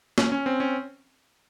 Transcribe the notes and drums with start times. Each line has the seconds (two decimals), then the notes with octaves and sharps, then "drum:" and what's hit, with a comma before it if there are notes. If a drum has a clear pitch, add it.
0.18 C#4, drum: snare
0.32 C#4
0.46 C4
0.60 C#4